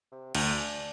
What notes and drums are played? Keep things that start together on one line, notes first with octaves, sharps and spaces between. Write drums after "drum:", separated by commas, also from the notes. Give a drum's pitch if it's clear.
C3
D2 D4, drum: cymbal